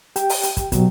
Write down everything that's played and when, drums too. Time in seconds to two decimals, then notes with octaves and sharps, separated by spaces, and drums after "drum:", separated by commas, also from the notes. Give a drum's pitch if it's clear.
0.16 G4 G5, drum: hi-hat
0.29 drum: open hi-hat
0.43 drum: hi-hat
0.57 drum: kick, hi-hat
0.72 B2 F#3, drum: kick, hi-hat